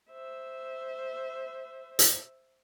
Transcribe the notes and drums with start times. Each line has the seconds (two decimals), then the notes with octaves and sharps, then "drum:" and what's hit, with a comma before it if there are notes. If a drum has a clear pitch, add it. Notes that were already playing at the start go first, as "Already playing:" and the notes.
0.12 C5 E5
1.99 drum: hi-hat